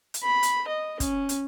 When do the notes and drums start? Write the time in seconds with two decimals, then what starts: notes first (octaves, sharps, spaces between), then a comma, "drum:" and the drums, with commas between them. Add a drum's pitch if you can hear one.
0.14 drum: hi-hat
0.24 B5
0.43 drum: hi-hat
0.68 D#5
1.00 C#4, drum: kick, hi-hat
1.29 drum: hi-hat